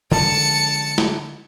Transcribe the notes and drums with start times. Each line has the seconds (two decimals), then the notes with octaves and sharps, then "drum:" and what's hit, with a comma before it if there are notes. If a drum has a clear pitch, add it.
0.11 D3 F3 G#3 A5 C#7
0.98 drum: snare